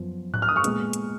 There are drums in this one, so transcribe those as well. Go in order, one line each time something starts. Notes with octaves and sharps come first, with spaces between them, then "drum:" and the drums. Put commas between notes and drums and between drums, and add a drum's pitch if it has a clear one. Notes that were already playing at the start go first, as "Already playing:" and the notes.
Already playing: F#2 F3 B3
F#6, drum: tom G#2
F6
D#6
C#6 F6
A#2 G#3 B3, drum: hi-hat
drum: hi-hat